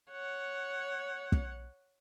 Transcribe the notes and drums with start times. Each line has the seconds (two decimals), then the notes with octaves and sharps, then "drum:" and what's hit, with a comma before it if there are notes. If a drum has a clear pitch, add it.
0.11 C#5 F#5
1.32 drum: kick